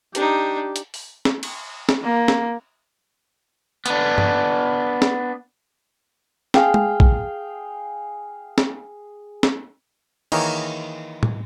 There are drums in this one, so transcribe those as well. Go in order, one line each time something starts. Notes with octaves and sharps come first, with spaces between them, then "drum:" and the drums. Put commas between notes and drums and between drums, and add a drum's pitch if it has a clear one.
D4 D#4 G4, drum: hi-hat
drum: hi-hat
drum: open hi-hat
drum: snare
drum: cymbal
drum: snare
A#3
drum: snare
B3 D4, drum: hi-hat
drum: tom G2
drum: snare
G#4 F5 G5, drum: snare
drum: tom G#3
drum: kick A#1
drum: snare
drum: snare
D#3 E3 A#3 G#4 A#4 C#5, drum: cymbal
drum: tom A2